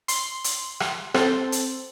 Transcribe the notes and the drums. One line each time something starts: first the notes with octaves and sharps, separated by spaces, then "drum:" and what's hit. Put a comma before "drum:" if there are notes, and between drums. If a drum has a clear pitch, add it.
C6, drum: hi-hat
drum: hi-hat
drum: rim click
C4 A4 C5, drum: rim click
drum: hi-hat